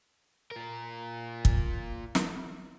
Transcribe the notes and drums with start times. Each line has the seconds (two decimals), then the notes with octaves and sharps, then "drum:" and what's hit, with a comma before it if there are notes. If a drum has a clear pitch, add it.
0.51 F4 A#4
1.45 drum: kick
2.15 drum: snare